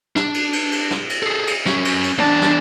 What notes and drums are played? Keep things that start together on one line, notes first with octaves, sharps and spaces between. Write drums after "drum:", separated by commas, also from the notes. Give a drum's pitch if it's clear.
D4, drum: snare
drum: cymbal
drum: cymbal
drum: cymbal
drum: snare
drum: cymbal
G#4 A4
drum: cymbal
F#3 C#4, drum: snare
drum: cymbal
drum: cymbal
E2 D4 A5
drum: snare